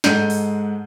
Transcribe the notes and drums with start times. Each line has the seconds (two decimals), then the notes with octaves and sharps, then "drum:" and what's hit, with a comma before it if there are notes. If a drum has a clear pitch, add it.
0.04 G#2 G#3 A4 F#5 G6 D#7, drum: snare
0.30 drum: open hi-hat